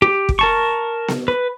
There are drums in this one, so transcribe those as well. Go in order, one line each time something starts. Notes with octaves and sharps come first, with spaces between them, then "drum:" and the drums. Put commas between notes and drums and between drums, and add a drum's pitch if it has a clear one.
G4
drum: kick
A#4 A5 C#6
drum: snare B3
B4